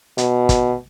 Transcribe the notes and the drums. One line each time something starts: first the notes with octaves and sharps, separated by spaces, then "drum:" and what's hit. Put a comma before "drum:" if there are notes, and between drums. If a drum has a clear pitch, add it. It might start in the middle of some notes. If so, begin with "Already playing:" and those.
B2, drum: hi-hat
drum: kick, hi-hat